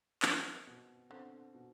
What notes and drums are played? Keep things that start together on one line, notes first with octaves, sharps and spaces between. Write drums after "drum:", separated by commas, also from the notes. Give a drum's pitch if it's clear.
D#3 C4, drum: clap
B2
D3 C4
B2